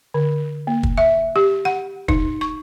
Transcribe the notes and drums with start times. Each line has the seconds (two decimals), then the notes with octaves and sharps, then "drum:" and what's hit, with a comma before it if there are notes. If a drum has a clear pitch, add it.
0.14 D3
0.67 A#3
0.83 drum: kick
0.97 E5
1.36 G4
1.65 F#5
2.08 D#4, drum: kick
2.41 C#6